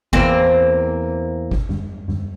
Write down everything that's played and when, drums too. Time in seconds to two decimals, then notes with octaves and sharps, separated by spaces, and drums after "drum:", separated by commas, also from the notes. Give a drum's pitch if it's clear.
0.13 E2 A#3 C4, drum: kick G1
1.51 drum: kick G1
1.69 drum: tom F#2
2.08 drum: tom F#2